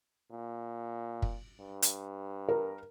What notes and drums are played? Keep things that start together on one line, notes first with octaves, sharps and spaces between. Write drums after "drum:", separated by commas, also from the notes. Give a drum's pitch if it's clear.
A#2
drum: kick
G2
drum: hi-hat
A#4